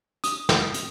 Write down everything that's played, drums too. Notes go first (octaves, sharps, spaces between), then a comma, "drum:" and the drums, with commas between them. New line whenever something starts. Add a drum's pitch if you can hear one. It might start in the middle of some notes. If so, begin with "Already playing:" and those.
D#6, drum: hi-hat
drum: snare
drum: hi-hat